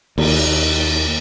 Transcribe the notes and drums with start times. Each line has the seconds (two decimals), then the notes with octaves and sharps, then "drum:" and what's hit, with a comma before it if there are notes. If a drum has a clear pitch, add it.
0.18 D#2, drum: cymbal